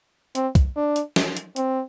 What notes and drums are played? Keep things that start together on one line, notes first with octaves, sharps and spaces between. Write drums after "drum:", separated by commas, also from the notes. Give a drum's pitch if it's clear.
C4, drum: hi-hat
drum: kick, hi-hat
D4
drum: hi-hat
drum: snare
drum: hi-hat
C4, drum: hi-hat